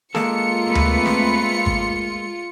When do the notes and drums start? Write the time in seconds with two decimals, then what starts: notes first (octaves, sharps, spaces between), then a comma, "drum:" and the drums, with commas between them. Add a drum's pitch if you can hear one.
0.15 G#3 A#3 F4 A4 C#7, drum: snare
0.66 A3 C4 B4
0.75 drum: tom D2
1.06 drum: snare
1.66 drum: kick G#1